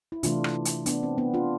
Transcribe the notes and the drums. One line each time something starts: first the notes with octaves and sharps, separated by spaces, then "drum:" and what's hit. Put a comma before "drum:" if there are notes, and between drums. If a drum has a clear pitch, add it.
E4
C3 E3 A3 D4 F4, drum: hi-hat
drum: rim click
drum: hi-hat
B3 D4, drum: hi-hat
C4
B3 D4
D4 F4